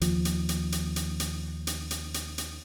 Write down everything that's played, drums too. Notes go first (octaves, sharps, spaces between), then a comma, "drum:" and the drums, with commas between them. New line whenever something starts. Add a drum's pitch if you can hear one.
D#2 F3, drum: hi-hat
drum: hi-hat
drum: hi-hat
drum: hi-hat
drum: hi-hat
drum: hi-hat
drum: hi-hat
drum: hi-hat
drum: hi-hat
drum: hi-hat